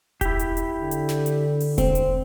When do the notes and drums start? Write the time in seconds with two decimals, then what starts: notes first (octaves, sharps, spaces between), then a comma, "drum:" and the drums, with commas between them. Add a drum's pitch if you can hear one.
0.21 E4 G4, drum: kick E1, hi-hat
0.39 drum: hi-hat
0.57 drum: hi-hat
0.81 D3
0.91 drum: hi-hat
1.09 drum: snare
1.26 drum: hi-hat
1.60 drum: open hi-hat
1.78 C4, drum: kick E1, hi-hat
1.95 drum: hi-hat